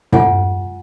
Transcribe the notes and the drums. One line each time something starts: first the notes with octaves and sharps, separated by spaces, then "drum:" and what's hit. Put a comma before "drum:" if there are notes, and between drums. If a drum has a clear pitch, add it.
F4 F#5 G#5, drum: tom